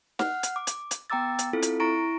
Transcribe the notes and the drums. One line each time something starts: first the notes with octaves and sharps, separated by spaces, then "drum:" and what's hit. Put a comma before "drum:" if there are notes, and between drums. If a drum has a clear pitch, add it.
F#5 F6, drum: snare
drum: hi-hat
D6
drum: hi-hat
drum: hi-hat
B3 G5 A#5 D6 E6 A6
drum: hi-hat
C4 E4 F4 A4
drum: hi-hat
E4 A#5 C#6 A#6 D7